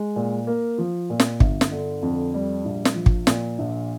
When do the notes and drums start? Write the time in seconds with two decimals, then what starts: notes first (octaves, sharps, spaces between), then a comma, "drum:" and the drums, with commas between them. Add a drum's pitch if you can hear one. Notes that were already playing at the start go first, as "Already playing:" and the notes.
Already playing: G#3
0.16 A#2
0.47 A#3
0.78 F3
1.10 A#2
1.20 drum: snare
1.40 G1, drum: kick
1.61 drum: snare
1.71 D3
2.02 F2
2.34 G3
2.65 A#1
2.85 drum: snare
2.95 F3
3.06 drum: kick
3.27 A#2, drum: snare
3.58 A#1